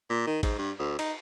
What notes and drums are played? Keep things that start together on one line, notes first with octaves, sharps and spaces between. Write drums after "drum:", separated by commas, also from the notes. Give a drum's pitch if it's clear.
A#2
D#3
G#2, drum: kick A1, cymbal
G2
D2
D#4, drum: cymbal